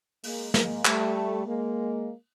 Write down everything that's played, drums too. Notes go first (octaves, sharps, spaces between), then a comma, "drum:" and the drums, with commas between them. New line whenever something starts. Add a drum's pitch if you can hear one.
G#3 A#3, drum: open hi-hat
G#3 A#3, drum: snare
G3 A3, drum: clap
G#3 A#3